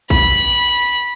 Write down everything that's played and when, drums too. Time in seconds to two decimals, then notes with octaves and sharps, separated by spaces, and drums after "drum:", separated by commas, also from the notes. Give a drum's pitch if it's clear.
0.10 B5, drum: kick A1